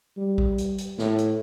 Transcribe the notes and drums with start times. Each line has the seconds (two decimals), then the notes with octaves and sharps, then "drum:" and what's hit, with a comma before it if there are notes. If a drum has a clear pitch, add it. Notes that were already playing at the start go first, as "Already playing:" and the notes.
0.17 G3
0.38 drum: kick A#1
0.58 drum: hi-hat
0.78 drum: hi-hat
0.98 A2, drum: snare
1.18 drum: hi-hat